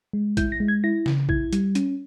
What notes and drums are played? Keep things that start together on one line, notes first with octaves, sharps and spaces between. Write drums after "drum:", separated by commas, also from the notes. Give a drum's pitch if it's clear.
G#3
E4 G6, drum: kick, hi-hat
A#6
G#3
G#6
E4 A#6
C#3, drum: snare
E4 G#6, drum: kick
G3, drum: hi-hat
C#4, drum: hi-hat